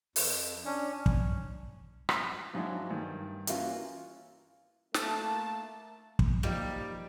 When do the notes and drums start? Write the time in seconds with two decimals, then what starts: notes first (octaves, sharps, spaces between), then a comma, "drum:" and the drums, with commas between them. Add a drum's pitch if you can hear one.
0.16 F2, drum: open hi-hat
0.65 C#4 D4
1.06 drum: kick
2.09 drum: rim click
2.53 G#2 F3 F#3 G#3 D4 E4
2.90 G2 D#3
3.47 E3 A#3 C#4 F4 F#4, drum: hi-hat
4.94 A3 A#3 A5, drum: snare
6.19 drum: kick
6.43 F3 G3 A#3 D#4 G4